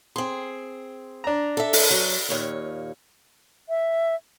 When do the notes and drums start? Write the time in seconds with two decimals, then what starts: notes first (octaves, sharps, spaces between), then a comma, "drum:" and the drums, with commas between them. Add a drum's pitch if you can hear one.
0.16 C4 G#4 C6
1.24 D4 A#5
1.57 A4 E5
1.73 drum: open hi-hat
1.90 F#3
2.29 D#2 A#2 C#5
3.69 E5